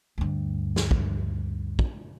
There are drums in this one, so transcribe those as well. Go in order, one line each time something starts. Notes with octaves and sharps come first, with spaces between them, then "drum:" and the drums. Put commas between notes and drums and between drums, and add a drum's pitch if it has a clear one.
D2 G2
drum: snare
drum: kick
drum: kick